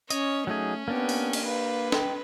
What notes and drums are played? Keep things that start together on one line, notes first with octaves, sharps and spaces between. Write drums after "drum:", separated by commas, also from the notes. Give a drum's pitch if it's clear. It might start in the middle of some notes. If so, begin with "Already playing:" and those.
C#4 C#5 D#5, drum: hi-hat
F#3 A3 C#4 D#4 G#4
A#3 B3 D4 G4
drum: open hi-hat
drum: cymbal
B4 F5
G5, drum: snare